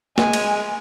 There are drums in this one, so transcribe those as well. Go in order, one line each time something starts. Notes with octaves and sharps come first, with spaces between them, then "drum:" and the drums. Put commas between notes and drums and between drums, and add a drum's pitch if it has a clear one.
G#3 G#5, drum: snare
drum: cymbal